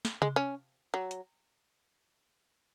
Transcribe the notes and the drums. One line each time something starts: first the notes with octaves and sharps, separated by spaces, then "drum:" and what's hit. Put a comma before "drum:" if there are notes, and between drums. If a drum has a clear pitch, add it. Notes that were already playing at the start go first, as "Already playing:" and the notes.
drum: snare
G#3, drum: tom C3
C#4
F#3
drum: hi-hat